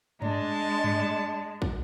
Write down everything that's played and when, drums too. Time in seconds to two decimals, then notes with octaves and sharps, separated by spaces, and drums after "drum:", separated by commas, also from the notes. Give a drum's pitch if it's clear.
0.22 G#3 D4 A5, drum: tom G2
0.84 drum: tom G2
1.62 drum: kick